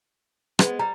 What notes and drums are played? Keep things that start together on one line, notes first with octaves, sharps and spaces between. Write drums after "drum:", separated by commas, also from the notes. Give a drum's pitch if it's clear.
G#3 B3, drum: rim click
G3 A#5